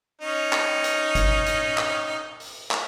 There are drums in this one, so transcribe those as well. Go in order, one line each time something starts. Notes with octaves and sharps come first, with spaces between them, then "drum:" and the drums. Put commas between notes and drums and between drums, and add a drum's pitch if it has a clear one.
C#4 D#4
drum: clap
drum: hi-hat
drum: kick G1, hi-hat
drum: hi-hat
drum: clap
drum: open hi-hat
drum: clap